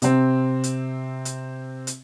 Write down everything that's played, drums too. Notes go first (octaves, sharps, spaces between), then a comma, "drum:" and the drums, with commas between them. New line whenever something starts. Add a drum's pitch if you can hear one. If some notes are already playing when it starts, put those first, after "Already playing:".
C3 C4, drum: hi-hat
drum: hi-hat
drum: hi-hat
drum: hi-hat